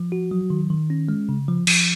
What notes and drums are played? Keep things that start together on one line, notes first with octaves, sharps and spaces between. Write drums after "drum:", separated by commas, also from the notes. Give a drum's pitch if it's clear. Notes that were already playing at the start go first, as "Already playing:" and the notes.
Already playing: F3
F#4
F#3
D#3
D#3
C#4
G#3
C#3
F3
F3, drum: cymbal